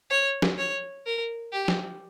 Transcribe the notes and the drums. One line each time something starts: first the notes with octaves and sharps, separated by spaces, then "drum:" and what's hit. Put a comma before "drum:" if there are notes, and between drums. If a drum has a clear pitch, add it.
C#5
drum: snare
C#5
A#4
G4
drum: snare